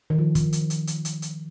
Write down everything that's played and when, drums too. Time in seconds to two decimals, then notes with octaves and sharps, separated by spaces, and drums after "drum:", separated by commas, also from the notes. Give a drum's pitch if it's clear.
0.10 D#3
0.18 F3
0.35 drum: kick, hi-hat
0.53 drum: hi-hat
0.70 drum: hi-hat
0.87 drum: hi-hat
1.05 drum: hi-hat
1.22 drum: hi-hat